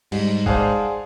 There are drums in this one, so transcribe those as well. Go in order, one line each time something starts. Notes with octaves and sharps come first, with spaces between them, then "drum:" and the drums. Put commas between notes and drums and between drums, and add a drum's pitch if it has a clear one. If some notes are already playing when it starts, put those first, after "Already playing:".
G#2 G3, drum: cymbal
G#4 C5 D5 F5 F#5 A5, drum: kick G1